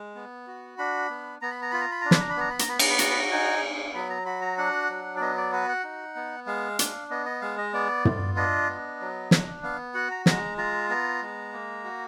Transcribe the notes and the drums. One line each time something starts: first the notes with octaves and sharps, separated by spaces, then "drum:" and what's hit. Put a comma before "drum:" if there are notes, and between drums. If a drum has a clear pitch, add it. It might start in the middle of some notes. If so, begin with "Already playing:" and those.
Already playing: G#3
B3
F#4
D4 B5
B3
B3 A#5
B5
A#5
F4 B5
A#5
B5
D4 A#5
B5, drum: snare
A#5
B5
B3 A#5
B5
A#5, drum: hi-hat
B3 B5
A#5, drum: cymbal
B5
F#4 A#5, drum: hi-hat
B5
A#5
D#4 G#5
B3
F#3 B5
A#5
F#4 B5
A#5
D4 F#5
F#3
D5
B3 D#5
D5
F#4 B4
F#5
D#4
B3
G#3 F5
D4, drum: hi-hat
B3 D#5
D#5
G#3 F5
D#5
B3 D5
F4, drum: tom
D4 D#5
B3
F#3
D4, drum: snare
B3 F5
F#4 F#5
A#5
G#3 A#5, drum: snare
F4 A#5
B3 A#5
G#3
A#3
F#4